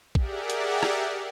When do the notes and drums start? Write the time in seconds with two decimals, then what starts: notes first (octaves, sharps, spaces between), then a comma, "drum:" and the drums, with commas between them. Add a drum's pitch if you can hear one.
0.15 G4 G#4 A#4 D5 E5 F#5, drum: kick
0.50 drum: hi-hat
0.83 drum: rim click